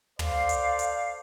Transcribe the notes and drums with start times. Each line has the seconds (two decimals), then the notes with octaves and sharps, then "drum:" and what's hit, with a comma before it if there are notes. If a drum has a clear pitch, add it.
0.19 A4 C5 D5 F5, drum: tom
0.49 drum: hi-hat
0.79 drum: hi-hat